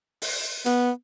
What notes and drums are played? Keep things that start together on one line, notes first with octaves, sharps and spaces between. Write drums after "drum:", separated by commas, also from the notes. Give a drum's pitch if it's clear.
drum: open hi-hat
B3, drum: hi-hat